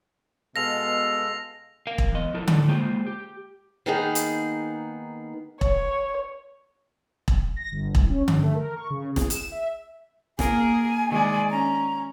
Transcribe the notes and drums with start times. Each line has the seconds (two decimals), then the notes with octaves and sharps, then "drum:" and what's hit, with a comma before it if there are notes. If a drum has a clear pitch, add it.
0.56 B2 G#3 A4 F5 A#6 F7
1.87 A#4 F5
1.98 drum: kick E1
2.12 E3 B3 D#5
2.34 F3 E4 A4 A#4
2.48 A2 F3 E4 A4 D5, drum: tom D3
2.68 G#3 A#3 F4 G#4 C5 G5
3.07 G4
3.86 D#3 A#3 B3 D#4 G#4
4.15 drum: hi-hat
5.61 C#5, drum: kick E1
7.28 drum: kick E1
7.56 A#6
7.71 G1
7.95 C2, drum: kick E1
8.10 C#4
8.28 G2, drum: tom D3
8.42 A3
8.55 A#4
8.76 C#6
8.90 C#3
9.16 G#4, drum: snare
9.30 E7, drum: hi-hat
9.52 E5
10.39 A#3 G#4 A#4 G#5, drum: snare
11.09 D#3 G#3 D5
11.50 C#4 A#5